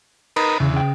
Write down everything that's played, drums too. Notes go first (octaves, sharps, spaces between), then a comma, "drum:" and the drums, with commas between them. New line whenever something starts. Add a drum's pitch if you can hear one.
D#4 A#4 B4, drum: cymbal
E2 C#3
C#3 G5